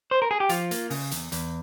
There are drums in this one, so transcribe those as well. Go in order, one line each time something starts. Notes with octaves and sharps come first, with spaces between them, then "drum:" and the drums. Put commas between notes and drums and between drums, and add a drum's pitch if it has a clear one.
C5
A#4
G#4
G4
F3 F4, drum: hi-hat
A#3, drum: hi-hat
C#3, drum: open hi-hat
E2, drum: hi-hat
E2, drum: hi-hat